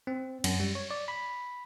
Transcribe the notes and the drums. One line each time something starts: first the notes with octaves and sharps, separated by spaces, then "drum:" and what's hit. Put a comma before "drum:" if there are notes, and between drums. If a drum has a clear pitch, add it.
C4
F#2, drum: cymbal
G3
C#5
D5
B5